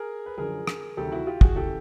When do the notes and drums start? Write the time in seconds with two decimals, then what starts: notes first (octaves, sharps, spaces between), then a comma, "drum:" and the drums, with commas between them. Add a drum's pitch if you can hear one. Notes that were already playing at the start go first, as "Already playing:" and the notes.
Already playing: G#4 A#4
0.26 B4
0.38 F#2 D3 F3 G#4 A#4
0.67 drum: rim click
0.97 D2 C3 D#3 F#3 G4 A4
1.12 E4 F#4
1.27 F4 G4
1.41 F#4 G#4, drum: kick
1.56 C#3 E3 G4 A4